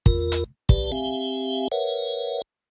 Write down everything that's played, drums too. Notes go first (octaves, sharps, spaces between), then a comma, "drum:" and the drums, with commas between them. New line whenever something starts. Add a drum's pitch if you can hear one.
E2 F4 A#4, drum: kick
drum: hi-hat
B1 G4 B4 D5 A5, drum: kick
C4 G4 E5 F5 G#5
A#4 B4 C#5 E5 F#5